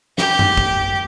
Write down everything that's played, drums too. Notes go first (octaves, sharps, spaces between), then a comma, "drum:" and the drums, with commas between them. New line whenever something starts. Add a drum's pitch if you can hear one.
G4, drum: snare
drum: tom F#2
drum: kick